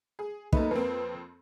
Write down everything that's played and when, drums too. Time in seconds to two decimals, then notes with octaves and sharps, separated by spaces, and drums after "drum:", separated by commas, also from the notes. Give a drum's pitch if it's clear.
0.19 G#4
0.53 F#2 A3 A#3 D#4 B4 D#5, drum: kick
0.71 F2 A#3 C4 B4